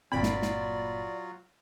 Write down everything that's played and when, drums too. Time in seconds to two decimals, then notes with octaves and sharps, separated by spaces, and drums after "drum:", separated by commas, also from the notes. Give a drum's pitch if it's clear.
0.12 G1 A#2 F#3 C4 F4 F#4 D5 B5
0.23 drum: snare
0.42 drum: snare